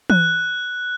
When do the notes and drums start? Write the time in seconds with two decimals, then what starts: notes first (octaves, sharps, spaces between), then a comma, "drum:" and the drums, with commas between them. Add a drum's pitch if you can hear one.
0.10 F#6, drum: tom E3